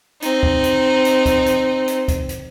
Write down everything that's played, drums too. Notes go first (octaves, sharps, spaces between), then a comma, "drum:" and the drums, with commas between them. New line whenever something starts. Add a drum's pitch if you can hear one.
C4 D#4, drum: hi-hat
drum: kick
drum: hi-hat
drum: hi-hat
drum: kick, hi-hat
drum: hi-hat
drum: hi-hat
drum: kick, hi-hat
drum: hi-hat